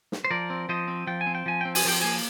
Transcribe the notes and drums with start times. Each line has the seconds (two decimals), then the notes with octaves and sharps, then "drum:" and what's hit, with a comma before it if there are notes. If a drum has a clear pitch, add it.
0.12 drum: snare
0.25 C5
0.31 F3 A#4 D5
0.50 C4
0.69 F3 C5 D#5
0.88 C4
1.07 F3 G5
1.21 G#5
1.27 C4
1.35 G5
1.46 F3 G#5
1.61 C4 G5
1.75 G#5, drum: open hi-hat
1.85 F3 G5
2.02 A#3 G#5